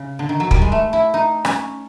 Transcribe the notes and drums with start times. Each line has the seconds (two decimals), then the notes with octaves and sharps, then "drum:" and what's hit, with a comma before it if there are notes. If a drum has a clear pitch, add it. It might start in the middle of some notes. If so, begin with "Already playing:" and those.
Already playing: C#3
0.19 D3
0.29 D#3
0.40 F#3
0.51 G3, drum: kick
0.62 G#3
0.72 A3
0.93 E4
1.14 D#4
1.45 C#4, drum: rim click